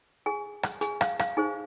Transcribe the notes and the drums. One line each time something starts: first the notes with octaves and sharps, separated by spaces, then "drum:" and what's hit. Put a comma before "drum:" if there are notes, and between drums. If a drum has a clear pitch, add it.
G#4 G#5
drum: rim click
G#4 G#5, drum: hi-hat
F5, drum: rim click
F5, drum: rim click
D#4 G#4 C5 G#5